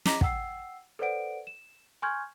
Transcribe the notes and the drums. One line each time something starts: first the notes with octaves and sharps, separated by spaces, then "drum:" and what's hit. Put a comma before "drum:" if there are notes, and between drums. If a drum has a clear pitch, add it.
D#5 A#5 D6 A#6 B6, drum: snare
F#5 G5 E6 C7, drum: kick
A4 B4 C5 D5 F#5 D7
E7
G#5 C6 C#6 F6 G6 G#6